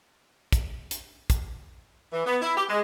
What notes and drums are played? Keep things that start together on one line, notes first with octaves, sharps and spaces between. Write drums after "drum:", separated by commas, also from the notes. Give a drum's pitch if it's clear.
drum: kick, hi-hat
drum: hi-hat
drum: kick, hi-hat
E3
B3
E4
G4
G#3